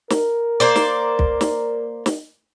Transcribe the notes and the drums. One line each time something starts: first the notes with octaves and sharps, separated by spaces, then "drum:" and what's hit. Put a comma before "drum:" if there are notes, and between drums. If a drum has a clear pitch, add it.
A#4, drum: snare
A#3 C5 D5
drum: snare
drum: kick
drum: snare
drum: snare